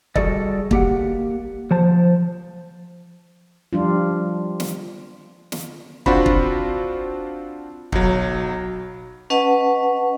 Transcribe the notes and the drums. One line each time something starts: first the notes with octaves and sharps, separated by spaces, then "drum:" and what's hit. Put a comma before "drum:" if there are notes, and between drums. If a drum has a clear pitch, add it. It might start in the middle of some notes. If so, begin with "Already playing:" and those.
G3 F#4 G#4 A4 D5 D#5, drum: kick
A#3 G4 F#5, drum: kick
F3 C5 A5
F3 G3 D4 F4
drum: snare
drum: snare
C4 D4 F4 F#4 C5 B5, drum: kick
drum: kick
B1 F#3, drum: kick
C#4 B4 D#5 F#5 A5